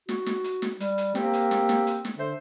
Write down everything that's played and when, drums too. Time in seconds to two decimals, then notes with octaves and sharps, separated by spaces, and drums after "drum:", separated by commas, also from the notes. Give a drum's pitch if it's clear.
0.09 F#4, drum: snare
0.26 drum: snare
0.44 drum: hi-hat
0.62 drum: snare
0.80 G3, drum: hi-hat
0.98 drum: hi-hat
1.15 A#3 C4 G4 C5, drum: snare
1.33 drum: hi-hat
1.51 drum: snare
1.69 drum: snare
1.87 drum: hi-hat
2.05 drum: snare
2.17 D3 C5 E5